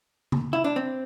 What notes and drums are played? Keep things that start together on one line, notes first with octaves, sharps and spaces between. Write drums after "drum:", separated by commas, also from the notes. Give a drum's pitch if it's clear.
drum: tom C#3
E4
D4
C4